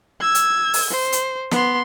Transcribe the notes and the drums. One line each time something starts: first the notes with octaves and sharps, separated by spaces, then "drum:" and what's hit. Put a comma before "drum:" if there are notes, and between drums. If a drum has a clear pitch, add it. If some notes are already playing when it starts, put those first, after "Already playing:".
E6 G#6
drum: hi-hat
drum: open hi-hat
C5
drum: hi-hat
B3 C6, drum: snare